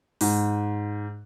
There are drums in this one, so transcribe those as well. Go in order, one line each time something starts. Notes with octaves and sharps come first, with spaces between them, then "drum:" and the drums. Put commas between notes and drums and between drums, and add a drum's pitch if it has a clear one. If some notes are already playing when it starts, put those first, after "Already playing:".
G#2, drum: open hi-hat